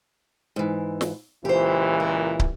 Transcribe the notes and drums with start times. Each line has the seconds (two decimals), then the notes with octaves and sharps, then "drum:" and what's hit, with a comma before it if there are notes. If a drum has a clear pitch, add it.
0.56 G#2 E3
1.01 drum: snare
1.45 C#2 A#2 E3 G4 C5
2.00 A#4
2.40 drum: kick